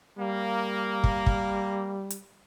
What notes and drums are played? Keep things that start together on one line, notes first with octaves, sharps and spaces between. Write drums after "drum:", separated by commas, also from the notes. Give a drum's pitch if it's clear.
G3 A#3
drum: kick
drum: kick
drum: hi-hat